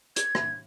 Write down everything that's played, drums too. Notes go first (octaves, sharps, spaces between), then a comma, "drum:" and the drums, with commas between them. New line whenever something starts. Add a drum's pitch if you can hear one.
G#6, drum: hi-hat
drum: rim click